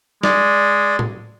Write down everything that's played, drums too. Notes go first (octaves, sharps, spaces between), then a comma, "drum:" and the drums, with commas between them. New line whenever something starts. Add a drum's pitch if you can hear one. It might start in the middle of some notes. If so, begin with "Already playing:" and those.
G#3 D5, drum: snare
drum: tom A2